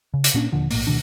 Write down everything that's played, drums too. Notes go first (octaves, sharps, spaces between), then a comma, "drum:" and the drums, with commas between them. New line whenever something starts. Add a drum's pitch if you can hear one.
C#3
drum: hi-hat
A#2 A#3 C#4 D4
D#1 A#2 D3 F3
A#1 A2 A#3, drum: open hi-hat
D2 B2 D#3 D4